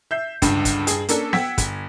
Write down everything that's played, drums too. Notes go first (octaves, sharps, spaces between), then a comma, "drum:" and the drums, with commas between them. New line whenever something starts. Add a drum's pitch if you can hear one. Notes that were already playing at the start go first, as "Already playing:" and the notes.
E5 G6 C7
C#2 G2 D3, drum: kick, hi-hat
drum: kick, hi-hat
G2 G#4, drum: hi-hat
A#3 C#4 D4 A4, drum: hi-hat
F#5 G5 E6 G#6 B6, drum: snare B3
G1, drum: kick, hi-hat